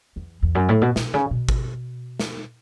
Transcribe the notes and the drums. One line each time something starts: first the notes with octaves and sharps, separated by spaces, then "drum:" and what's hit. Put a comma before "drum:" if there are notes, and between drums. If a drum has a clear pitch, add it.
E2
E2
F#2
A2
B2
B2, drum: snare
C#3
B2
drum: kick G#1
drum: snare